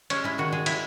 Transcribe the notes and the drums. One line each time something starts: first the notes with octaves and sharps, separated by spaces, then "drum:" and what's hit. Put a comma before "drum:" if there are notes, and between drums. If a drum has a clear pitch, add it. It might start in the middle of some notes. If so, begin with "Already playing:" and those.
G#3 C#4, drum: cymbal
G#3 E4
D#3 F#4
G#3 G#4
G#3 E4, drum: cymbal